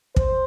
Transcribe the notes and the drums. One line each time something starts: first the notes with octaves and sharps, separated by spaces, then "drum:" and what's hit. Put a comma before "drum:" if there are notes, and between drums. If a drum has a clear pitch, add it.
C5, drum: kick